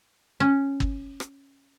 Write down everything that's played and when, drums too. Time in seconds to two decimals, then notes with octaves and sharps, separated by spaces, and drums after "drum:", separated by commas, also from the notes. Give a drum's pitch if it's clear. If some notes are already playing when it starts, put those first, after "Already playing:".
0.40 C#4
0.80 drum: kick G1
1.20 drum: rim click